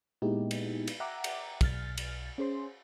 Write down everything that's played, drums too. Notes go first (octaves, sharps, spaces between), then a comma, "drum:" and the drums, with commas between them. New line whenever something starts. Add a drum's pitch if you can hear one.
A#2 G#3 B3 D#4 E4 G4
drum: cymbal
drum: cymbal
E5 F#5 G5 A#5 D6
drum: cymbal
B1 F6 A6, drum: kick, cymbal
drum: cymbal
C#4 G#4 C5 C6